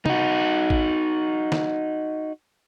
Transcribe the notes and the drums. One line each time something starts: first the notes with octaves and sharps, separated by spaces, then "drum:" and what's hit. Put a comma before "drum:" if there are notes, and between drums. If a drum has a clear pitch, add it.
D#4 F#4, drum: tom
drum: kick
drum: snare